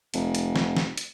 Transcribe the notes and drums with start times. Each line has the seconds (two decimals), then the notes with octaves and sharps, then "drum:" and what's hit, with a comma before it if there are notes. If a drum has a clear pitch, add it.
0.14 F1, drum: hi-hat
0.35 drum: hi-hat
0.56 drum: snare
0.77 drum: snare
0.97 drum: hi-hat